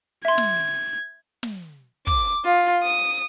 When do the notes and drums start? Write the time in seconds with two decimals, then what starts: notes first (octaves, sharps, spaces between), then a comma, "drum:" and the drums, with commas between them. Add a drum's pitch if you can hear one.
0.25 E5 C6 G#6
0.38 drum: snare
1.43 drum: snare
2.07 D6, drum: kick
2.45 F4
2.83 D#6